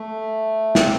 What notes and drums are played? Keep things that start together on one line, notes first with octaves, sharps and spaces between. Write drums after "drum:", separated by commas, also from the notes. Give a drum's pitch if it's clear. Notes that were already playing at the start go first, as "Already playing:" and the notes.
Already playing: A3
C4, drum: snare